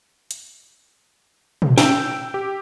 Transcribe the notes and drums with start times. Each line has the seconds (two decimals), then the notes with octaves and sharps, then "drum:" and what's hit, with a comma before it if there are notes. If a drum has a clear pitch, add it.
0.31 drum: hi-hat
1.62 drum: tom
1.78 G5 E6, drum: snare
2.34 G4